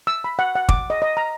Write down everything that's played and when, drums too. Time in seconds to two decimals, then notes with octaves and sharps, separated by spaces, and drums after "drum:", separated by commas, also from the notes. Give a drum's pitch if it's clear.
0.07 E6
0.24 B5
0.39 F#5
0.56 F#5
0.69 D6, drum: kick
0.90 D#5
1.02 D#5
1.17 A#5